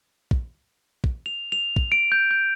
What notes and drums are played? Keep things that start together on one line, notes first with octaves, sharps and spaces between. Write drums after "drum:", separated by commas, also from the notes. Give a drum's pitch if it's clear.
drum: kick
drum: kick
F7
F7
drum: kick
D7
G6
G6